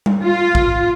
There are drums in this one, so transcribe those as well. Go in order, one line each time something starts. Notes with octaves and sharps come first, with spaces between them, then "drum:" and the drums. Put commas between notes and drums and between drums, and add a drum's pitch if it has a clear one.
drum: tom G3
F4
drum: kick A1